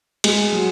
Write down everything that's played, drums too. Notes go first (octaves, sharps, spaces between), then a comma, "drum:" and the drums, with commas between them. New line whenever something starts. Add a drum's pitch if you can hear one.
G#3, drum: cymbal
F#3